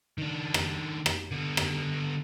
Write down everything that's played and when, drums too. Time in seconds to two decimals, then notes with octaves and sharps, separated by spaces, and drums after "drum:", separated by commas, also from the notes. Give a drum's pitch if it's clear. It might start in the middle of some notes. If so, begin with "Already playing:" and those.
0.18 D#3 D4
0.54 drum: rim click
1.06 drum: rim click
1.32 D3 B3
1.57 drum: rim click